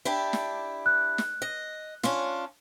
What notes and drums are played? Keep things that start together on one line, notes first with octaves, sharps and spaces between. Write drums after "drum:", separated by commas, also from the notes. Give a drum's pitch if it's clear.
D4 E4 G4
drum: snare
F#6
drum: snare
D#5
C#4 D4 F4, drum: snare